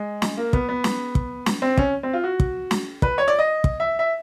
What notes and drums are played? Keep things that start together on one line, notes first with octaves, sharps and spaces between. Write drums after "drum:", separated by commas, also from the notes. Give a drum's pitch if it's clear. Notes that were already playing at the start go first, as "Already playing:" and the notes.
Already playing: G#3
drum: snare
A#3
B3, drum: kick
B3
drum: snare
drum: kick
drum: snare
C4
C#4, drum: kick
C4
F4
F#4
drum: kick
drum: snare
B4, drum: kick
C#5
D5
D#5
drum: kick
E5
E5